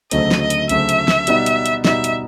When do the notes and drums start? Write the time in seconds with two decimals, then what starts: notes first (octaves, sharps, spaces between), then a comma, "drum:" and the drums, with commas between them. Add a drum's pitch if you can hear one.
0.11 D2 C#3 F#3 A3 C4 D#5, drum: hi-hat
0.31 drum: snare
0.41 D#5
0.50 drum: hi-hat
0.69 D2 C#3 F#3 A3 C4 E5, drum: hi-hat
0.89 drum: hi-hat
1.08 drum: snare
1.27 B2 G3 B3 D#4, drum: hi-hat
1.46 drum: hi-hat
1.66 drum: hi-hat
1.85 B2 G3 B3 D#4 E5, drum: snare
2.04 drum: hi-hat